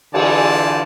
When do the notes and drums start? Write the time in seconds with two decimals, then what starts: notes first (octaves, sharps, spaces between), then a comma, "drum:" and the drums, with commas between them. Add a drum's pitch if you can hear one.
0.14 D3 E3 F4 D5 G#5 A5, drum: cymbal